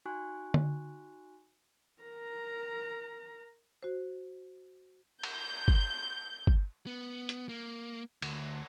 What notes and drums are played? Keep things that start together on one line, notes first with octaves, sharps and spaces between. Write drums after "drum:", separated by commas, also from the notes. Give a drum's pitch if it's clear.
D#4 F#4 G#5 C#6 F#6
drum: tom D3
A#4 A#5
F#4 C5
G6, drum: cymbal
drum: kick G1
drum: kick G1
B3
drum: hi-hat
A#3
D2, drum: cymbal